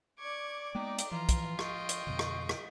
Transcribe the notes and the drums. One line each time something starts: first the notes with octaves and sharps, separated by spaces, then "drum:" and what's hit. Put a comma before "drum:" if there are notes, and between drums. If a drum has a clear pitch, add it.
D5 C#6 D6 G#6
G#3 A#3 B3 D#4 G5
drum: hi-hat
E3 F3 F4 A#5
drum: kick, hi-hat
D#5 G5 C#6, drum: rim click
drum: hi-hat
F2 B2 D3
drum: rim click
drum: rim click